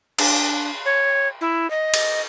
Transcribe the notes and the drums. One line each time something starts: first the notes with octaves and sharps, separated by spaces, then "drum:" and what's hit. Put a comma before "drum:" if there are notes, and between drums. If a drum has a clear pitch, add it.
D4, drum: cymbal
C#5
E4
D#5
drum: cymbal